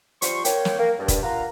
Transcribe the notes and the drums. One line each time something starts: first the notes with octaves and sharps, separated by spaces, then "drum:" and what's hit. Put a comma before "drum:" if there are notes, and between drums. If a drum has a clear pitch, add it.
F3 G3 C5 C6 C#6, drum: hi-hat
A#3 C#5 G5, drum: hi-hat
drum: snare
A#3
G2
drum: kick, hi-hat
A#3 F4 F5 F#5 A#5